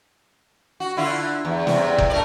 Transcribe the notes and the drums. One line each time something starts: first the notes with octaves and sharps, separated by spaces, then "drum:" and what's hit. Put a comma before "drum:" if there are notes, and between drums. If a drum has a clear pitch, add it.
F#4
D3 E4 F4
E2
E2 C3, drum: snare
drum: kick F#1
A3 A#4 D5